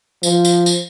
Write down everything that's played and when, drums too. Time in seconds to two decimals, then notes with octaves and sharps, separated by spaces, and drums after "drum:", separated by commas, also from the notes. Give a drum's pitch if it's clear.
0.23 F3, drum: tambourine
0.45 drum: tambourine
0.66 drum: tambourine